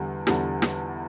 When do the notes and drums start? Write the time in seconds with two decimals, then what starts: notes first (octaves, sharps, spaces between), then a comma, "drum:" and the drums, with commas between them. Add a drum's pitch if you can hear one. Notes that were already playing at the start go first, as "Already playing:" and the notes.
Already playing: E2 D3 G3
0.27 E2 D3 G3, drum: snare
0.62 drum: snare